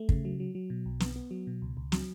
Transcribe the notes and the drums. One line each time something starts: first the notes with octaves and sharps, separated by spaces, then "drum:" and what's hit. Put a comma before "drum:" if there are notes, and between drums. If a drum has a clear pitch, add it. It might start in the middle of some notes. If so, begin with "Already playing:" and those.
Already playing: A3
C#3, drum: kick
F#3
F#3
F#3
B2
B1
B3, drum: snare
B3
F#3
B2
C#2
C#2
F#3, drum: snare